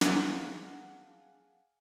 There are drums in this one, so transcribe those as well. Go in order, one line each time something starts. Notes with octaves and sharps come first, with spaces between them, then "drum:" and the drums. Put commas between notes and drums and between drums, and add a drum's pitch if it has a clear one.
G#4 F5 F#5 G#5 A5 D6, drum: snare